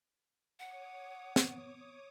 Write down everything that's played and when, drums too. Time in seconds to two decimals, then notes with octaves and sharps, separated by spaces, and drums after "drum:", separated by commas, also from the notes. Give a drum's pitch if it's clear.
0.59 C#5 F#5 D6 D#6
1.36 B3, drum: snare